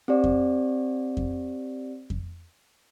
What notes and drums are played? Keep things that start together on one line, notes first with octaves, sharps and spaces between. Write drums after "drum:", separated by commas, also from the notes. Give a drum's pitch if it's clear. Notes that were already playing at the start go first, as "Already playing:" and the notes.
C4 G4 D5
drum: kick F2
drum: kick F2
drum: kick F2